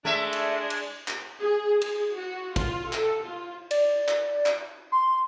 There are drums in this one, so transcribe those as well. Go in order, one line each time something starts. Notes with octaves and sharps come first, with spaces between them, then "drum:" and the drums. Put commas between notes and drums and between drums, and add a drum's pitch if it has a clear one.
G#3 A3 D4 E5
drum: cymbal
drum: cymbal
drum: clap
G#4
G#4, drum: cymbal
F#4
F4, drum: kick, cymbal
A4, drum: clap
F4
D5, drum: cymbal
drum: clap
drum: clap
C6